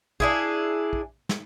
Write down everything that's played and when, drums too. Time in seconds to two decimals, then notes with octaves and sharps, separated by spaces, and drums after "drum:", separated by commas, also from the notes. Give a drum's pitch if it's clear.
0.20 D4 E4 G#4, drum: kick
0.93 drum: kick
1.29 drum: snare